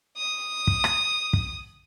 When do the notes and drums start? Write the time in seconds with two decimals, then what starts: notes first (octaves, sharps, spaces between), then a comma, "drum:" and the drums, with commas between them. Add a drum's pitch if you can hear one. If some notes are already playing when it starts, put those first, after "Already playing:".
0.18 D#6
0.67 drum: kick
0.84 drum: rim click
1.33 drum: kick